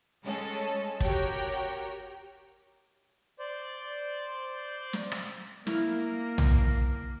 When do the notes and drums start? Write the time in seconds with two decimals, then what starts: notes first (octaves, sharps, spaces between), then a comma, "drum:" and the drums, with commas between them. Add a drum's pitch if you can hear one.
0.23 G#3 C#4 A4
1.01 F#4 G4 A#4 C#5 G5, drum: kick
3.39 C5 D5
4.93 drum: snare
5.12 drum: rim click
5.67 A#3 E4 A#4 F5, drum: snare
6.38 drum: tom B1